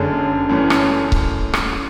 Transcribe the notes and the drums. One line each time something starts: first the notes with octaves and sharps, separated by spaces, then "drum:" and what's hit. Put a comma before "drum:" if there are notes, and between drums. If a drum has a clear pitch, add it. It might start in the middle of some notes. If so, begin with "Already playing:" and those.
Already playing: F#1 F#2 D3 G#3 C#4 A5
F#2 E3 A3 C#4
drum: rim click
drum: kick C#1
drum: rim click